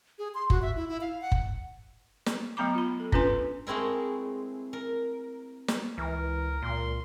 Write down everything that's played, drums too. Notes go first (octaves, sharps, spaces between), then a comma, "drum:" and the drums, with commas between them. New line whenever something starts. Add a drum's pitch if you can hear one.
G#4
C6
F#4, drum: kick F#1
E5
E4
E4
F5
F#5
drum: kick F#1
drum: snare
F#3 A3 B3 A#5 B5 D6
F4 B5
A4
C#4 D4 F4 B4 G#5 C6, drum: kick F#1
G#3 A3 C4 E4 A#4
A#4
drum: snare
C#2 E3 A#4
C#2 A#2 C6